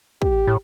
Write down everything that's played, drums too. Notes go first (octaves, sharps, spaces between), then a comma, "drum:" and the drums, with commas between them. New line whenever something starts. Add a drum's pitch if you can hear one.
G4, drum: kick
A2